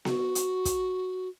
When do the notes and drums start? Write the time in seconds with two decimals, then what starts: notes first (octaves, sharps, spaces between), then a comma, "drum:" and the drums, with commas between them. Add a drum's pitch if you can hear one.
0.05 F#4, drum: snare B3
0.35 drum: hi-hat
0.65 drum: kick, hi-hat